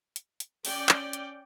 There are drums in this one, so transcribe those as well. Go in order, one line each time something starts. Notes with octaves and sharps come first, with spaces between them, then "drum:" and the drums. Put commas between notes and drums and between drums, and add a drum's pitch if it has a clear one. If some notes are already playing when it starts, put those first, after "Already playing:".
drum: hi-hat
drum: hi-hat
C#4 D5 G5, drum: open hi-hat
drum: clap
drum: hi-hat